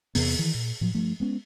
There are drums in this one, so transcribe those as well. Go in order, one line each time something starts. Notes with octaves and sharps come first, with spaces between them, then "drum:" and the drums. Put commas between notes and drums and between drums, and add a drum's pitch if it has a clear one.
E2 C3 B3, drum: open hi-hat
D#3 E3
A#2
A2 F3 F#3
G2 F3 A3
G#3 B3 C#4